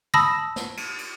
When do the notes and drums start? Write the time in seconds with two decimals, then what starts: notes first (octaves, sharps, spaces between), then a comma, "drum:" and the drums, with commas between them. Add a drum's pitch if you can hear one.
0.14 A5 B5 D#6 E6 A#6, drum: tom
0.56 drum: snare
0.77 drum: cymbal
0.98 drum: cymbal